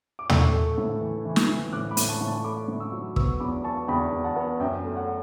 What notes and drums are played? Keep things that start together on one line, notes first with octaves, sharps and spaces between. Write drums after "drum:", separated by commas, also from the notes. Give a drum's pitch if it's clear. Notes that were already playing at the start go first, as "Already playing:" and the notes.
D6
A3 C#6 E6, drum: tom
A3
A2
E3
E3
drum: snare
E3
A2 D6 F#6
B5 D6
A2, drum: hi-hat
A5 C#6
A2
A5 C#6
A3 B5 D6
A2
C#6 E6
F#3
B3 C#6 E6, drum: kick
E2 B5 D6
B3 A5 C#6
E2 G5 B5
E2
F#5 A5
B3
F#2 E5 G5
A3
F#5